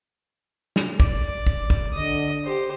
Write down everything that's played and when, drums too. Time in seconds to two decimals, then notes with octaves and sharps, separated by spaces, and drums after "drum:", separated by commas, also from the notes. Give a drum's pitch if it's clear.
0.76 drum: snare
1.00 D5, drum: kick
1.47 drum: kick
1.70 drum: kick
1.94 D3 D#5 D#6
2.45 G4 C5